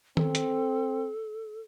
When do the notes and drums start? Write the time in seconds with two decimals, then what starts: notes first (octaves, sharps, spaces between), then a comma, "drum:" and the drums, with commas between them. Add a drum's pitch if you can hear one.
0.17 C4 A4, drum: tom D#3
0.35 drum: hi-hat